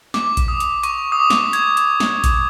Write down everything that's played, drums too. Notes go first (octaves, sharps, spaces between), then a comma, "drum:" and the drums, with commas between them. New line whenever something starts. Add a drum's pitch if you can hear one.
D6, drum: snare
drum: kick A#1, hi-hat
D#6
drum: hi-hat
C#6, drum: hi-hat
D#6
D6
drum: snare
G#6, drum: hi-hat
drum: hi-hat
drum: snare
drum: kick A#1, hi-hat